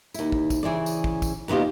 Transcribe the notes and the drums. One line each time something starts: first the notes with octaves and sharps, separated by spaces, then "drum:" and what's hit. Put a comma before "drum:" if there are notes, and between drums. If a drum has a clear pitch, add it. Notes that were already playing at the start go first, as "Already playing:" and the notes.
D#2 E4, drum: tambourine
drum: kick
drum: kick, tambourine
C#3 E3 C5 D5
drum: tambourine
drum: kick
drum: kick, tambourine
D#2 B2 E4 F4 G4